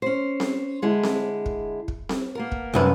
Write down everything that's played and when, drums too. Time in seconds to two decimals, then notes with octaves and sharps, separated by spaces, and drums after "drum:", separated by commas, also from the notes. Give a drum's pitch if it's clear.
0.02 C#4 C5
0.40 drum: snare C4
0.82 D3 G#3 E4
1.03 drum: snare C4
1.46 drum: kick
1.88 drum: kick
2.09 drum: snare C4
2.35 A#3 B3 A#4
2.52 drum: kick
2.74 C2 F#2 B4